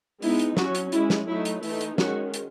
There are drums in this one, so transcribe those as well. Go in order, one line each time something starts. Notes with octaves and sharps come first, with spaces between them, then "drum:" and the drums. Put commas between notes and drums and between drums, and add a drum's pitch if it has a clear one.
G#3 B3 D#4 E4, drum: open hi-hat
drum: hi-hat
F#3 C#4 F#4, drum: snare
drum: hi-hat
G#3 C#4 E4, drum: hi-hat
drum: snare
F#3 A3 D#4 E4
drum: hi-hat
E3 A3 D#4 E4, drum: open hi-hat
drum: hi-hat
D#3 G#3 C#4 F#4, drum: snare
drum: hi-hat